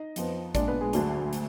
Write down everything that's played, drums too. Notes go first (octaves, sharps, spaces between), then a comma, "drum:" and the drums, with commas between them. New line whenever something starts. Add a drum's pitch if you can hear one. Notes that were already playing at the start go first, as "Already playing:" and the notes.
Already playing: D#4 D#5
F2 F3 B3, drum: hi-hat
A#2 G#3 D4 D5, drum: kick A1, hi-hat
B3 B4
G#3 G#4
D2 D3 F#3 D4, drum: hi-hat
drum: hi-hat